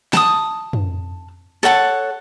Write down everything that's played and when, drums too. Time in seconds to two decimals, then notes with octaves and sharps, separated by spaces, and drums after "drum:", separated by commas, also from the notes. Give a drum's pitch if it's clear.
0.13 A5 D#6, drum: snare
0.73 drum: tom
1.63 A4 C#5 F#5 A5